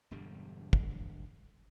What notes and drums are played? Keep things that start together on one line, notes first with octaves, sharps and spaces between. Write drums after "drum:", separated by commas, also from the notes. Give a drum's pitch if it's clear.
E1 G2 D3 G3
drum: kick